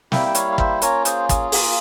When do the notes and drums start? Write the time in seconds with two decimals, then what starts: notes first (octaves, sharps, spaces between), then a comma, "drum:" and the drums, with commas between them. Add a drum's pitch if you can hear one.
0.12 G3 A#3 E4 E5 G5, drum: snare
0.26 G5
0.35 C#5 F5, drum: hi-hat
0.51 F5
0.58 C5 E5, drum: kick
0.82 A#3 C#4 F4 A#4 C#5, drum: hi-hat
1.05 G#4 C5, drum: hi-hat
1.29 G#4, drum: kick, hi-hat
1.52 A#3 F4, drum: open hi-hat